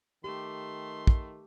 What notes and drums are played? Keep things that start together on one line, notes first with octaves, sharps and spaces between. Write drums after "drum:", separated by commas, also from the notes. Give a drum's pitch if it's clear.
D#3 A3 G4 C6
drum: kick